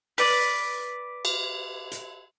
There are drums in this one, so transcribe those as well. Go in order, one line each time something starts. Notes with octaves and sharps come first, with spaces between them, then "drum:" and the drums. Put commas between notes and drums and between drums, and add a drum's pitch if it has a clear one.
B4 D5, drum: open hi-hat
drum: cymbal
drum: hi-hat